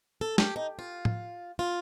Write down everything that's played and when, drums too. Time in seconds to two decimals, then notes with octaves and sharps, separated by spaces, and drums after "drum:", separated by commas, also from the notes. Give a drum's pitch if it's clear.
0.21 A4
0.38 G4, drum: snare
0.56 D#4
0.79 F4
1.05 drum: tom A2
1.59 F4